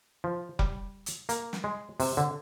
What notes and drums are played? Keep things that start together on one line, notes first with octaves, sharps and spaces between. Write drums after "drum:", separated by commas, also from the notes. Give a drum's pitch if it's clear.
F3
G3, drum: kick F1
drum: hi-hat
A#3, drum: hi-hat
drum: snare
G#3
C3, drum: open hi-hat
D3